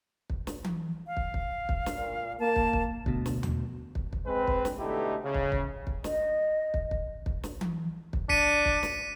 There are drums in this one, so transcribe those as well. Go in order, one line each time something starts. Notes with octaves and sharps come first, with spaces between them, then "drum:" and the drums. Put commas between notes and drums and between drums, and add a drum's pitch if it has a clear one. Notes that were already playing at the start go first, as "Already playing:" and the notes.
drum: kick
drum: snare
drum: tom E3
F5
drum: kick
drum: kick
drum: kick
drum: snare
A#2
A#3 A5
drum: kick
drum: kick
D2 B2, drum: kick
drum: snare
drum: tom D#2
drum: kick
drum: kick
G#3 C4 B4
drum: kick
drum: snare
B2 D3 A3 D#4 E4 G4
C#3
drum: kick
drum: kick
drum: kick
D#5, drum: snare
drum: kick
drum: kick
drum: kick
drum: snare
drum: tom E3
drum: kick
D4 B6 C#7 D#7, drum: kick
drum: kick
drum: snare